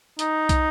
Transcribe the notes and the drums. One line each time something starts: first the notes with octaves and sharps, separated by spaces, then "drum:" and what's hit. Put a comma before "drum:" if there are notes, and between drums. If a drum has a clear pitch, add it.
D#4, drum: hi-hat
drum: kick, hi-hat